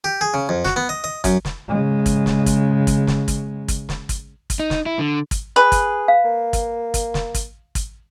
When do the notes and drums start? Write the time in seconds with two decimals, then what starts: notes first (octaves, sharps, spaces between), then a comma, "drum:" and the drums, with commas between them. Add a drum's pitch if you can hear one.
0.04 G4
0.21 G#4
0.34 C#3
0.49 F2
0.65 F#4, drum: snare
0.76 B3
0.89 D#5
1.04 D#5
1.24 F#2, drum: kick, hi-hat
1.45 drum: snare
1.68 C#3 G#3
2.06 drum: kick, hi-hat
2.26 drum: snare
2.46 drum: kick, hi-hat
2.87 drum: kick, hi-hat
3.07 drum: snare
3.28 drum: kick, hi-hat
3.68 drum: kick, hi-hat
3.89 drum: snare
4.09 drum: kick, hi-hat
4.50 drum: kick, hi-hat
4.59 D#4
4.70 drum: snare
4.86 E4
4.99 D3
5.31 drum: kick, hi-hat
5.56 G#4 B4
5.72 drum: kick, hi-hat
6.08 F5
6.25 A#3
6.53 drum: kick, hi-hat
6.94 drum: kick, hi-hat
7.14 drum: snare
7.34 drum: kick, hi-hat
7.75 drum: kick, hi-hat